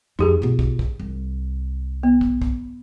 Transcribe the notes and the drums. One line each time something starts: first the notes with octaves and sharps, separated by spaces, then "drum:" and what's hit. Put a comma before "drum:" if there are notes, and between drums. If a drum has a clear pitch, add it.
F2 D#4 G4 G#4
B2 F4
drum: kick
drum: kick
C2
B3
drum: kick
drum: kick